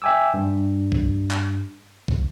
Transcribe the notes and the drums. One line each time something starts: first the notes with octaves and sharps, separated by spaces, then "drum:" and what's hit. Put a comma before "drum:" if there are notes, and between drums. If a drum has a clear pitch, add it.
E5 G5 G#5 D6 E6
G2
drum: kick
drum: clap
drum: kick